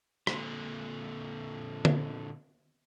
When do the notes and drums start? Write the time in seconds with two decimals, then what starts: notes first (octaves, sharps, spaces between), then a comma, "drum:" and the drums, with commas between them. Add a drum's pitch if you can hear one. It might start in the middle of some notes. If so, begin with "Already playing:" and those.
0.27 A#2 D3, drum: rim click
1.85 drum: tom D3